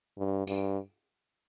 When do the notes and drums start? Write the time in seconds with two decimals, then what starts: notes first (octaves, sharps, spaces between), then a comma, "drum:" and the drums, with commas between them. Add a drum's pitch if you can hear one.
0.18 G2
0.47 G2, drum: tambourine